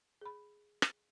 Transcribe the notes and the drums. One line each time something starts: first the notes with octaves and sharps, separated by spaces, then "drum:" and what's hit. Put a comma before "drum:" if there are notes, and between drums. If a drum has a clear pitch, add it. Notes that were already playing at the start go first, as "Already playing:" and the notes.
G#4 B5
drum: rim click